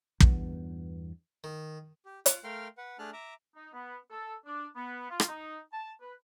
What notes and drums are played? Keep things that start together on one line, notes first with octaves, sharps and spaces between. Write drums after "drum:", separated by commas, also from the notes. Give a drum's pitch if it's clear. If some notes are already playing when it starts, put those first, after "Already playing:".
E2 G2 B3, drum: kick
D#3
G4
F4, drum: hi-hat
A3 A#4 F5 G5 C6 F6
B4 F#5
A3 D4 G#4 A5 F6 F#6
E5 A#5 D6
D#4
B3
A4
D4
B3
F4
drum: rim click
D#4
A5
B4